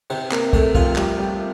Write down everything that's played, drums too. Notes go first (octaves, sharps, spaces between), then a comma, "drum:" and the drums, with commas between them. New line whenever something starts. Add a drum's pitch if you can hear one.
C3 C4, drum: cymbal
A#3 A#4, drum: clap
A3 A4, drum: kick, cymbal
F3 F4, drum: kick, cymbal
G3 G4, drum: clap
G3 G4